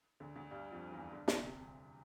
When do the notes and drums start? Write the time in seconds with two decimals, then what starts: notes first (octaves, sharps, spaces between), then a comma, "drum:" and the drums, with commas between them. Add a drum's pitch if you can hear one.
0.20 D2 D3
0.35 D2 D3
0.51 G2 G3
0.71 F2 F3
0.92 E2 E3
1.12 D2 D3
1.28 C3, drum: snare
1.44 C3
1.59 C3